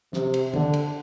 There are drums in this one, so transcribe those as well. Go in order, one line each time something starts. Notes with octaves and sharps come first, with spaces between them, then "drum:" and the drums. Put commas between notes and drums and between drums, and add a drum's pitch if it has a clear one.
C3, drum: snare
drum: cymbal
D3, drum: tom
drum: cymbal